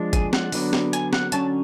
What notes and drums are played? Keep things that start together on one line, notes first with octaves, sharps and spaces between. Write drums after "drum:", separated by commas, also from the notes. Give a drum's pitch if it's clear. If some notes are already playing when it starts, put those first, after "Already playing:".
Already playing: F3 G#3 D4
G#4, drum: kick, hi-hat
F#5, drum: snare C4
D3 F#3 B3 D4, drum: open hi-hat
drum: snare C4
G#5, drum: hi-hat
F#5, drum: snare C4
D3 F#3 C#4 A5, drum: hi-hat